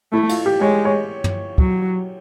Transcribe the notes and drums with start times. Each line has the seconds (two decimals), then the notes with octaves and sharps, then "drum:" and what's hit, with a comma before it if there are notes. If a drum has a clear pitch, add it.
0.12 A3 E4
0.29 F4, drum: cymbal
0.46 G4
0.61 G#3 C#5
0.85 C#5
1.24 drum: tom
1.58 F#3, drum: kick